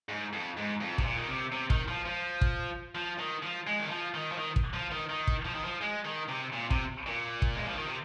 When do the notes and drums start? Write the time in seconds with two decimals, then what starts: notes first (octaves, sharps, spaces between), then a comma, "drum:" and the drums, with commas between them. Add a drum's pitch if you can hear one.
0.09 G#2
0.33 F2
0.57 G#2
0.81 F2
0.98 C3, drum: kick
1.04 A#2
1.16 D#3
1.28 C3
1.52 C3
1.70 D#3, drum: kick
1.88 F3
2.06 F3
2.41 drum: kick
2.95 F3
3.19 D#3
3.43 F3
3.67 G#3
3.79 D#3
3.90 F3
4.14 D#3
4.32 F3
4.38 D#3
4.56 drum: kick
4.74 F3
4.91 D#3
5.10 D#3
5.27 drum: kick
5.45 F3
5.55 D#3
5.64 F3
5.81 G#3
6.05 D#3
6.29 C3
6.53 A#2
6.71 C3, drum: kick
7.07 A#2
7.42 drum: kick
7.55 G#3
7.64 F3
7.75 D#3
7.85 C3